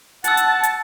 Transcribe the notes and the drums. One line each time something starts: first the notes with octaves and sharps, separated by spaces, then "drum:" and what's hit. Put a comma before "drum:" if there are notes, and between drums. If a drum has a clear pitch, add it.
F#5 A5 E6 A6, drum: hi-hat
drum: hi-hat
drum: hi-hat